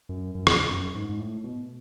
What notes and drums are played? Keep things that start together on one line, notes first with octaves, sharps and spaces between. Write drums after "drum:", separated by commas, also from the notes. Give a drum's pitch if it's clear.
F#2
F#2
F2, drum: rim click
F#2
G#2
G#2
A2
B2